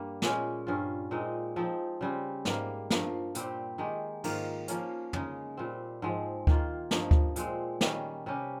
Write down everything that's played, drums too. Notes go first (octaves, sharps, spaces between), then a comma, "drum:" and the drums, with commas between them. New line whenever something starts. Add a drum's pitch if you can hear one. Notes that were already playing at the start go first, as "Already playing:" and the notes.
Already playing: G2 G3 A#3
A#2 G#3 C#4, drum: snare
G2 G3 C#4 F4
A#2 G#3 C4 D#4
F3 C4 D#4
C#3 G3 C4
G#2 G3 A#3, drum: snare
G2 F3 A#3, drum: snare
A#2 G3 C4 G4, drum: hi-hat
D#3 G#3 D#4 G4
G#2 D#3 A#3 F4, drum: cymbal
F3 A#3 C#4, drum: hi-hat
C#3 G#3 D#4, drum: tom
A#2 G3 C4
G#2 F3 G#3 C4
D#3 A#3 F4, drum: kick D2
G2 F3 A#3 D#4, drum: snare
drum: kick D2
A#2 G#3 C4, drum: hi-hat
D#3 G3 C#4, drum: snare
C3 G3 C#4 G4